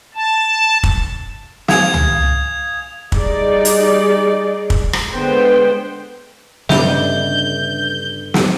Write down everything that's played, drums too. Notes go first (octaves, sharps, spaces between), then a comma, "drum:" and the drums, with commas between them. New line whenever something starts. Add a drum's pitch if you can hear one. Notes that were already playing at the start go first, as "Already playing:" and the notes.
A5
drum: kick
F5 G#5 D#6 G#6 F7, drum: snare
drum: tom C#2
G3 D#4 G#4 D5, drum: kick
drum: hi-hat
drum: kick
drum: rim click
D3 G#3 B3 C5 G5
G1 C#3 G3 C#4 D4 D#5 E5 G6, drum: snare
drum: snare